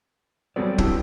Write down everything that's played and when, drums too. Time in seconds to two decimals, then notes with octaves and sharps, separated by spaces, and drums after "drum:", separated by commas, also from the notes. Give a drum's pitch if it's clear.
0.56 F#3 G3 B3 C4 A4 D5
0.78 D4 E4 G4, drum: kick